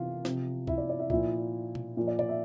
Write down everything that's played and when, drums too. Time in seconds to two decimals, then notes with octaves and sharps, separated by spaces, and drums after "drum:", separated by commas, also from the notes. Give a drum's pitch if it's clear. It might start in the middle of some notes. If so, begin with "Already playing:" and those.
Already playing: C3 E3 F4 F5
0.25 C3 F3, drum: snare
0.67 E4 E5, drum: kick C#2
0.78 D5
0.90 D5
1.00 E4 E5
1.10 A#2 F3 E4 E5, drum: kick C#2
1.75 drum: tom B2
1.97 A#2 F3
2.07 D5
2.19 D5, drum: tom B2
2.29 E5